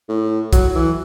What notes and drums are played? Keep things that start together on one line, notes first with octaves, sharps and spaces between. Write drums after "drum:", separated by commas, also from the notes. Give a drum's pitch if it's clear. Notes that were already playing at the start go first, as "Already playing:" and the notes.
A2
F#3, drum: kick, hi-hat
E3